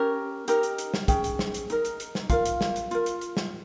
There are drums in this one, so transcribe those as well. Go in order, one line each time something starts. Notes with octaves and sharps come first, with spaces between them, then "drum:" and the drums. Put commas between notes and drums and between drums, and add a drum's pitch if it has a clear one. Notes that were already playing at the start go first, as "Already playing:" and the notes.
Already playing: C#4 G4 A#4
D#4 G4 A#4, drum: hi-hat
drum: hi-hat
drum: hi-hat
drum: snare
C#4 G#4 G5, drum: kick, hi-hat
drum: hi-hat
drum: snare
drum: hi-hat
D#4 A#4, drum: hi-hat
drum: hi-hat
drum: hi-hat
drum: snare
F4 A#4 F5, drum: kick, hi-hat
drum: hi-hat
drum: snare
drum: hi-hat
F4 A#4, drum: hi-hat
drum: hi-hat
drum: hi-hat
drum: snare